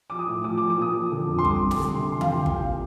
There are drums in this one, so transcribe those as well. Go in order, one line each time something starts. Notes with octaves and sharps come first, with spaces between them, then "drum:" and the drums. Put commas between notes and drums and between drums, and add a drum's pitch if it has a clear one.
F3 D6
D#6
A2
F3 D6
D6
F3
D6
A#2 D#6
F3
D3
F2
C6
G3 D6, drum: kick G1
G3
D6, drum: snare
D3
C3 C6
F2 C6
F5, drum: tom D3
F2 G5
C2 G5, drum: kick G1
A#2 F5